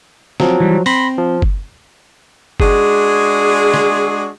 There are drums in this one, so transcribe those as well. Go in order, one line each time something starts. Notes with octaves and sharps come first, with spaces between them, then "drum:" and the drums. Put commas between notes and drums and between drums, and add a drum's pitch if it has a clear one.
F3 F#3 C4, drum: snare
E3 G3
C4 B5 C6 A#6, drum: open hi-hat
F3
drum: kick F#1
G#3 D4 F#4 G#4, drum: kick F#1
drum: snare